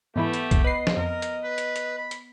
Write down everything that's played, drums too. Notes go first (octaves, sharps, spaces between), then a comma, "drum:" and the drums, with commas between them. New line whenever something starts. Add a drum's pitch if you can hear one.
G#2 E3 A3 B3 E4 G4
drum: hi-hat
drum: kick B1, hi-hat
B4 D#5 C7
drum: snare
F2 A#4
drum: hi-hat
B4
drum: hi-hat
drum: hi-hat
B5
drum: hi-hat